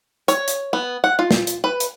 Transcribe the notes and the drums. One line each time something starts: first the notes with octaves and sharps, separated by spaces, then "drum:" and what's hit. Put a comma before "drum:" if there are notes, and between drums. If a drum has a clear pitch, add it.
C#5, drum: hi-hat
drum: hi-hat
B3
F#5
F4
drum: snare
drum: hi-hat
B4
drum: hi-hat